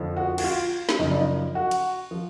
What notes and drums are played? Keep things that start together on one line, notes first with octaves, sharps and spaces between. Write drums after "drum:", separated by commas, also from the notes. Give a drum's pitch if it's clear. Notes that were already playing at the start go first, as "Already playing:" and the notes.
Already playing: F2 D3 F3
F#4
F#4, drum: cymbal
F4
drum: snare
F#2 C#3 F3 D#4
D4
D#4
F#4
drum: cymbal
F3